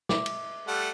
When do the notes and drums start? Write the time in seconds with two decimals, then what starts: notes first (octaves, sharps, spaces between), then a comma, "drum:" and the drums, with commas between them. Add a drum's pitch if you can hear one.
0.09 E5 D6, drum: snare
0.26 drum: cymbal
0.67 G3 A3 F#5